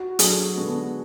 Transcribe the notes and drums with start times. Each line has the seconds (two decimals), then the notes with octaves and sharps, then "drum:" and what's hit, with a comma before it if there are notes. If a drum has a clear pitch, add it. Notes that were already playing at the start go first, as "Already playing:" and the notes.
Already playing: F#4
0.19 F#3 A3 D4 G#4, drum: hi-hat
0.54 D3 G#3 B3 F#4 A4